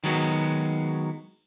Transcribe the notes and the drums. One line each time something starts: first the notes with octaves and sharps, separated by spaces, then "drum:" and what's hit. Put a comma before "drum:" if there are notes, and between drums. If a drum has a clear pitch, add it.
D#3 F#3 G#3 B3 F#4, drum: cymbal